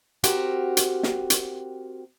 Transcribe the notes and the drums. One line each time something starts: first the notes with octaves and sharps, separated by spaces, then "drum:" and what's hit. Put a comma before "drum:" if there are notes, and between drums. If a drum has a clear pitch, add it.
C4 F#4 G4 A#4, drum: hi-hat
drum: hi-hat
drum: snare
drum: hi-hat